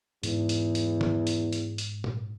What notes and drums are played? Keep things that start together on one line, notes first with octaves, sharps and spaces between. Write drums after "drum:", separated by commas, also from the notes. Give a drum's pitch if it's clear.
E2 G#2, drum: hi-hat
drum: hi-hat
drum: hi-hat
drum: tom
drum: hi-hat
drum: hi-hat
drum: hi-hat
drum: tom